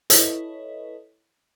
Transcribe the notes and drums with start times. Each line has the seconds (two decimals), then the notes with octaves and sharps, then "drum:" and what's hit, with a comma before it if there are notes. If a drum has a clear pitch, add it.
0.10 E4 A4 B4 C#5 D#5, drum: hi-hat